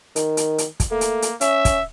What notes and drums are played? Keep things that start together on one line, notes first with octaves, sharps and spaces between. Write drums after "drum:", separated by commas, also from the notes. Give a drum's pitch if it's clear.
D#3, drum: hi-hat
drum: hi-hat
drum: hi-hat
drum: kick, hi-hat
A3 A#3
drum: hi-hat
drum: hi-hat
C#4 E5, drum: hi-hat
drum: kick, hi-hat